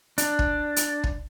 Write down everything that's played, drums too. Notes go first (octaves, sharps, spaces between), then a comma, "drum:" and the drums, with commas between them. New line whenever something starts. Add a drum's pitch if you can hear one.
D4, drum: hi-hat
drum: kick
drum: hi-hat
drum: kick